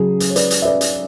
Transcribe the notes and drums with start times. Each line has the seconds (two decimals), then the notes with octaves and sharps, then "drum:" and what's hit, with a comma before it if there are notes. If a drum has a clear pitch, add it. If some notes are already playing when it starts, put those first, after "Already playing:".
Already playing: C#3 F#3 G#4
0.20 drum: hi-hat
0.30 C#5
0.36 B4 D5, drum: hi-hat
0.51 drum: hi-hat
0.62 E5
0.65 B4 D5
0.81 drum: hi-hat